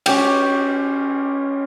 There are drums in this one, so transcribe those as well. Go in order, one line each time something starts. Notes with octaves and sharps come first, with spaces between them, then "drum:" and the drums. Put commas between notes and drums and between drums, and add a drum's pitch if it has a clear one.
C#4 G4 G5, drum: cymbal